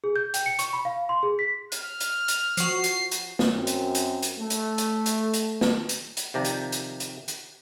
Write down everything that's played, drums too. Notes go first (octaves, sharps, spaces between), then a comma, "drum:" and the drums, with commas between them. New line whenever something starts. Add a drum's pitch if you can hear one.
G#4
G6
G5, drum: hi-hat
C#7
C#6, drum: hi-hat
B5
F5
C6
G#4
B6
F6, drum: hi-hat
drum: hi-hat
drum: hi-hat
F3 F#4 C7, drum: hi-hat
drum: hi-hat
drum: hi-hat
drum: snare
F#2 C4
drum: hi-hat
drum: hi-hat
drum: hi-hat
A3
drum: hi-hat
drum: hi-hat
drum: hi-hat
drum: hi-hat
drum: snare
drum: hi-hat
drum: hi-hat
C3 D#3 F3 D5 G5 A#5
drum: hi-hat
drum: hi-hat
drum: hi-hat
drum: hi-hat